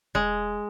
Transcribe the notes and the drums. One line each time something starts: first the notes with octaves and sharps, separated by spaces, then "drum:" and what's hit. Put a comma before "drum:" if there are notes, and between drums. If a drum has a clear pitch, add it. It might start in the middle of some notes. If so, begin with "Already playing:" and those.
G#3, drum: kick E1